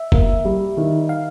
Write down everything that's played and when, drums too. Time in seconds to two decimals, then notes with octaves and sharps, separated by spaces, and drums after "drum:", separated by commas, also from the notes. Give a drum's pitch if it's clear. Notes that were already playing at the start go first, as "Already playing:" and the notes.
Already playing: E5
0.12 A#3, drum: kick
0.45 G3
0.77 D#3
1.09 F5